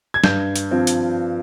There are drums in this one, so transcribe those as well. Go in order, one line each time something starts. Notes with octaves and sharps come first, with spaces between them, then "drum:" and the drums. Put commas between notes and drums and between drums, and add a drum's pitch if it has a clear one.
G#6
G2 G6, drum: snare
drum: hi-hat
F3 C4
drum: hi-hat